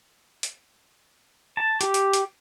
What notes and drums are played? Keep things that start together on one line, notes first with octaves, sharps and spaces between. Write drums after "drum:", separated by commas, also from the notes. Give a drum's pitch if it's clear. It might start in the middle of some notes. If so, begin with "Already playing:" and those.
drum: hi-hat
A5
G4, drum: hi-hat
drum: hi-hat
drum: hi-hat